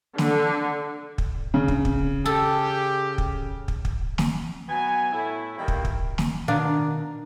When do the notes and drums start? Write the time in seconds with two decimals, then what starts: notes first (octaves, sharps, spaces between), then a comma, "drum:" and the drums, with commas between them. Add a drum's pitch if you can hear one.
0.18 D3, drum: snare
1.18 drum: kick
1.54 C#3
1.68 drum: kick
1.85 drum: kick
2.26 G4 A4
3.18 drum: kick
3.68 drum: kick
3.85 drum: kick
4.18 drum: snare
4.69 B2 F#3 B3 G#5
5.12 A2 E4
5.58 B2 D#3 E3 G3 A#3 G5
5.68 drum: kick
5.85 drum: kick
6.18 drum: snare
6.48 B2 D#3 D4 F5